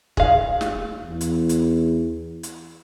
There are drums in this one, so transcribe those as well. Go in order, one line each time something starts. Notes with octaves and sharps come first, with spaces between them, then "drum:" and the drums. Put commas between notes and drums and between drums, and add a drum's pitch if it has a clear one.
G#4 F5, drum: kick
drum: snare
E2
drum: hi-hat
drum: hi-hat
drum: hi-hat